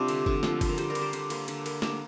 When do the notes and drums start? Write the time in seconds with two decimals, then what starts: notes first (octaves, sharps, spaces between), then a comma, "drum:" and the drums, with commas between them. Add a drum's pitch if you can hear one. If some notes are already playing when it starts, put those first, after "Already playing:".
Already playing: C3 G3 D4 F4 G4
0.08 D3, drum: cymbal
0.26 D3, drum: kick F#1
0.43 F3 C4 F4, drum: snare
0.61 D3, drum: kick F#1, cymbal
0.69 A#4
0.78 G3 G4 C5, drum: cymbal
0.90 A#4 D5
0.95 D3, drum: cymbal
1.01 G4 C5
1.13 D3, drum: cymbal
1.30 A#3, drum: cymbal
1.48 D3, drum: cymbal
1.66 A#3, drum: cymbal
1.82 A#3 D4 G4, drum: snare